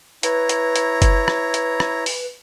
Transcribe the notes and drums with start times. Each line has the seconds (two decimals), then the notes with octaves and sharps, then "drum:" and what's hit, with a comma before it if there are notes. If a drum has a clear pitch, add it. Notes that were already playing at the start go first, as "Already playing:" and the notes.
0.23 E4 B4 C#5 A#5, drum: hi-hat
0.49 drum: hi-hat
0.76 drum: hi-hat
1.02 drum: kick F#1, hi-hat
1.28 drum: rim click
1.54 drum: hi-hat
1.80 drum: rim click
2.06 drum: open hi-hat